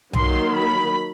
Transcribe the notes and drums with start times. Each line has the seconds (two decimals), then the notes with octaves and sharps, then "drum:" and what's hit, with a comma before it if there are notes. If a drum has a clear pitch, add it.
0.13 D#3 F#3 A#3 C6, drum: tom B1
0.56 B5